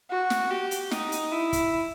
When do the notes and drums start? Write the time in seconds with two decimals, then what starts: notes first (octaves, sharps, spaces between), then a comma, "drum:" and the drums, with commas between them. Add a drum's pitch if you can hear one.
0.10 F#4
0.30 drum: snare
0.50 G4
0.71 drum: hi-hat
0.91 D#4, drum: snare
1.12 drum: hi-hat
1.32 E4
1.53 drum: kick, hi-hat